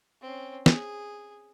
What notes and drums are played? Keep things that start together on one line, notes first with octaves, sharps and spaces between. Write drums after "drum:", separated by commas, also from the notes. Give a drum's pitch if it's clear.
C4 C#4
G#4, drum: snare